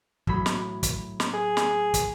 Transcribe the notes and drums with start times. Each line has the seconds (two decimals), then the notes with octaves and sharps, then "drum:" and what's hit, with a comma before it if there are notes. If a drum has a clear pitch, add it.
0.27 A2 F#3 B5, drum: kick
0.46 drum: snare
0.83 drum: kick, hi-hat
1.20 drum: snare
1.34 G#4
1.57 drum: snare
1.94 drum: kick, hi-hat